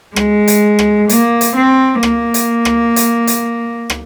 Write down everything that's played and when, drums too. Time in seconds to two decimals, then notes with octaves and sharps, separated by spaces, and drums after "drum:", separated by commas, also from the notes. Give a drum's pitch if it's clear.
0.16 G#3, drum: rim click
0.48 drum: hi-hat
0.79 drum: rim click
1.09 A#3, drum: hi-hat
1.41 drum: hi-hat
1.56 C4
2.03 A#3, drum: rim click
2.34 drum: hi-hat
2.65 drum: rim click
2.96 drum: hi-hat
3.27 drum: hi-hat
3.90 drum: rim click